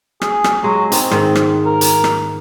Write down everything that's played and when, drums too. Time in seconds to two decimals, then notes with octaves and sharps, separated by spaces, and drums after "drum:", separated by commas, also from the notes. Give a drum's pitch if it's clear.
0.22 G#4, drum: rim click
0.44 drum: rim click
0.64 F#3 G#3
0.92 C4 D#4, drum: hi-hat
1.11 G#2 D#3, drum: rim click
1.35 drum: rim click
1.66 A#4
1.81 drum: hi-hat
2.04 drum: rim click